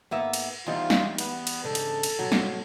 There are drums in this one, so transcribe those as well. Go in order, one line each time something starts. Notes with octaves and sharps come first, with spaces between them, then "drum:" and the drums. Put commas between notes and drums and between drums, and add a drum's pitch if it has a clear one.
G#2 A#3 B3 E5
drum: cymbal
E2 G3 C4 D#4 F4
drum: snare
B3, drum: cymbal
drum: cymbal
G#2 C#3 D4 A4
drum: cymbal
drum: cymbal
A2 C3 F#3
drum: snare